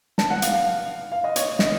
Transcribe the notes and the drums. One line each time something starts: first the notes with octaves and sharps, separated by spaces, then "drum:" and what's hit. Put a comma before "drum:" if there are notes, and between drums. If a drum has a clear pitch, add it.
A5, drum: snare
F#5
F5, drum: hi-hat
F5
F5
D#5
C#5, drum: hi-hat
D#5, drum: snare